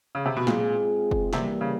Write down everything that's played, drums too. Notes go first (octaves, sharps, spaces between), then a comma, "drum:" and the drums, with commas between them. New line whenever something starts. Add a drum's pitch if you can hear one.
C#3
C3
B2
A#2 G#3 C4 F4 G#4, drum: snare
drum: kick
C3 E3 G3 A#3, drum: snare
C#3